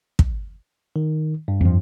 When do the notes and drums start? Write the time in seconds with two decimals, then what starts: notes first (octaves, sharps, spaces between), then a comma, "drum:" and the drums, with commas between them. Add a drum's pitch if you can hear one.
0.19 drum: kick
0.96 D#3
1.48 G2
1.61 F2 F3